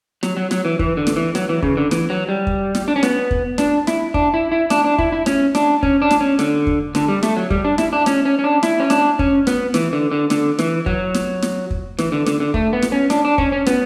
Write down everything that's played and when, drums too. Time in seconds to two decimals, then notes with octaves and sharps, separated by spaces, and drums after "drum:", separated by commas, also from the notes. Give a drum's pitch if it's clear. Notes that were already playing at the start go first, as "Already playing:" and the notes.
0.23 F#3, drum: snare
0.37 F#3
0.51 F#3, drum: snare
0.65 E3
0.79 E3, drum: kick
0.97 D3
1.07 drum: snare
1.16 E3
1.35 F#3, drum: snare
1.49 E3
1.63 C#3, drum: kick
1.77 D3
1.91 E3, drum: snare
2.10 F#3
2.29 G3
2.47 drum: kick
2.75 drum: snare
2.88 D4
2.96 C#4
3.03 B3, drum: snare
3.31 drum: kick
3.58 D4, drum: snare
3.87 E4, drum: snare
4.14 D4, drum: kick
4.34 E4
4.52 E4
4.70 D4, drum: snare
4.84 D4
4.99 E4, drum: kick
5.12 E4
5.26 C#4, drum: snare
5.55 D4, drum: snare
5.83 C#4, drum: kick
6.02 D4
6.11 drum: snare
6.21 C#4
6.39 D3, drum: snare
6.67 drum: kick
6.95 D3, drum: snare
7.08 G3
7.23 A3, drum: snare
7.37 F#3
7.50 G3, drum: kick
7.65 D4
7.78 E4, drum: snare
7.93 D4
8.06 C#4, drum: snare
8.26 C#4
8.39 C#4
8.44 D4
8.63 E4, drum: snare
8.80 C#4
8.90 D4, drum: snare
9.19 C#4, drum: kick
9.47 B3, drum: snare
9.74 E3, drum: snare
9.93 D3
10.11 D3
10.30 D3, drum: snare
10.59 E3, drum: snare
10.86 F#3, drum: kick
11.15 drum: snare
11.43 drum: snare
11.71 drum: kick
11.99 E3, drum: snare
12.12 D3
12.27 D3, drum: snare
12.40 D3
12.54 A3, drum: kick
12.73 B3
12.83 drum: snare
12.92 C#4
13.10 D4, drum: snare
13.25 D4
13.38 C#4, drum: kick
13.52 C#4
13.67 B3, drum: snare